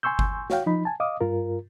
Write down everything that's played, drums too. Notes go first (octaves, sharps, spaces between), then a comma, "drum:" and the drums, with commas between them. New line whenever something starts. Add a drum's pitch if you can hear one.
G#5 C6 C#6 E6 G6
drum: kick G1
F#4 C#5 F5 G5, drum: snare
F3 D#4 B5
G#5 A5
D#5 F5 D6 D#6
G2 F4 A#4